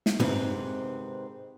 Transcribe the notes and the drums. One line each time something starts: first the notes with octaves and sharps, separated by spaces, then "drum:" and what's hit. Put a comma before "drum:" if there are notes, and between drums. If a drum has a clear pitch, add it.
drum: snare
G#2 C3 D#3 C4 B4, drum: tom